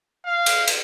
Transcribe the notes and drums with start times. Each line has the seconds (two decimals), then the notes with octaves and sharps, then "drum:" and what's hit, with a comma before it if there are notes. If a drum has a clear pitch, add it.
0.25 F5
0.46 drum: cymbal
0.68 drum: cymbal